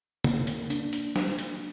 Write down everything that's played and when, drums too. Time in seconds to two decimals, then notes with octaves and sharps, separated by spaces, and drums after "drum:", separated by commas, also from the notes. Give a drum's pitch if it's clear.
0.24 A#3, drum: tom C#3
0.47 drum: hi-hat
0.70 D4, drum: hi-hat
0.93 drum: hi-hat
1.16 drum: snare
1.39 drum: hi-hat